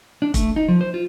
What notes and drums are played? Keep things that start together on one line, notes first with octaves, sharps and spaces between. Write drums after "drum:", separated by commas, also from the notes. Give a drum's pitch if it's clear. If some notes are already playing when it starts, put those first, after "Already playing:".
D4
A3, drum: kick, hi-hat
D#4
F3
C5
F4